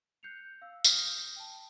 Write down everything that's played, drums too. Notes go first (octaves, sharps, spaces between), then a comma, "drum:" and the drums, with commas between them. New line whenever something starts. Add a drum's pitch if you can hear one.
F#6 G6 C7 C#7 F7
F5 E6
D#6 F6 G6 A#6 C7, drum: tambourine
G5 A5